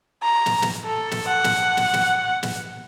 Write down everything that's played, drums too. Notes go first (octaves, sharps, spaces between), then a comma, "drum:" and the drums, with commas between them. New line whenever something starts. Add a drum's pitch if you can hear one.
A#5
drum: snare
drum: snare
A4
drum: snare
F#5
drum: snare
drum: snare
drum: snare
drum: snare